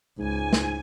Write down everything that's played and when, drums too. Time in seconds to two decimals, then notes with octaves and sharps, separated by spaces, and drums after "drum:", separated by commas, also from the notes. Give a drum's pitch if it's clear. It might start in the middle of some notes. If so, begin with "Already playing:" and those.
0.18 C#2 G#2 G#5
0.53 drum: snare